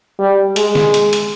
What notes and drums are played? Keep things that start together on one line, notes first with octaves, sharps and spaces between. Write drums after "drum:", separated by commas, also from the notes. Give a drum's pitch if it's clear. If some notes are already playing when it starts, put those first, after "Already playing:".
G3
G#3, drum: hi-hat
drum: snare
drum: hi-hat
drum: hi-hat